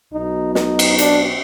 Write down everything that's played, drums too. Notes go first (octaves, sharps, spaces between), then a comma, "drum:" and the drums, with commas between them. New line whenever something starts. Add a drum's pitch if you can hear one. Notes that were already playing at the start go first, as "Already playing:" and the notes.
B1 B2 D#4
D#4, drum: snare
drum: cymbal
D4, drum: hi-hat